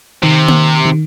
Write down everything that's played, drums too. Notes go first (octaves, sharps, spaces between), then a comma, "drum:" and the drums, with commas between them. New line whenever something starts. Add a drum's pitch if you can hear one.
C3 D#3
drum: tom A#3
D#3